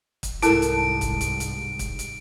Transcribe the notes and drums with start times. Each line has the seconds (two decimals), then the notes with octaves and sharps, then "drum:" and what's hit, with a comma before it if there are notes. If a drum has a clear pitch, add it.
0.23 drum: kick, hi-hat
0.42 C2 G#2 E4 A4 A#4 A5 D7, drum: hi-hat
0.62 drum: hi-hat
1.01 drum: kick, hi-hat
1.21 drum: hi-hat
1.40 drum: hi-hat
1.79 drum: kick, hi-hat
1.99 drum: hi-hat